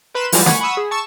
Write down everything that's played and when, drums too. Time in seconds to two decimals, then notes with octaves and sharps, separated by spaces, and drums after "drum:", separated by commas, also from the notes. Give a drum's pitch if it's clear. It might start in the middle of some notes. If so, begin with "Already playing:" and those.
0.14 A#4 B4 B5 C6 E7
0.32 E3 F3 G3 G#3 F4 F#4, drum: open hi-hat
0.46 F#5 G#5 B5 C#6, drum: snare
0.60 F#5 B5 C#6 D#6 E6
0.77 G#4
0.91 A5 C#6 E6